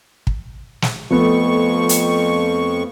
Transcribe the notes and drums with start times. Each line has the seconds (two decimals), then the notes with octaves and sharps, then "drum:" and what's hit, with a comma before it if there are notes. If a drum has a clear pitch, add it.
0.27 drum: kick
0.82 drum: snare
1.10 F2 F3 A3 B3 C#6
1.89 drum: hi-hat